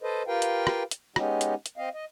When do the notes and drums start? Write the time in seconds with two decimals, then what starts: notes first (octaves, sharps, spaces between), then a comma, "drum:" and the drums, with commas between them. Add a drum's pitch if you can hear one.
0.02 A4 B4 C5 D#5
0.27 F4 G4 A#4 B4 F5 G5
0.42 drum: hi-hat
0.67 drum: rim click
0.91 drum: hi-hat
1.16 G#3 B3 C#4 D#4 G4, drum: rim click
1.41 drum: hi-hat
1.66 drum: hi-hat
1.78 C4 D#5 F5
1.94 D#5